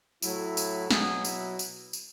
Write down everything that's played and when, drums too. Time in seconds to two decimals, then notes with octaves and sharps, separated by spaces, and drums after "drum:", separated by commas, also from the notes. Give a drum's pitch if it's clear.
0.22 A2 F#3 E4, drum: tambourine
0.57 drum: tambourine
0.91 B2 F#3 G#4, drum: snare
1.25 E4, drum: tambourine
1.59 drum: tambourine
1.93 drum: tambourine